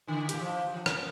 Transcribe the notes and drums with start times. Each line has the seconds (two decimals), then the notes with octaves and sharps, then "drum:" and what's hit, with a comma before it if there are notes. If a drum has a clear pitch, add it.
0.07 D3 E3
0.29 A2 G4, drum: hi-hat
0.41 F3
0.74 F3
0.86 B3 A#4 B4, drum: rim click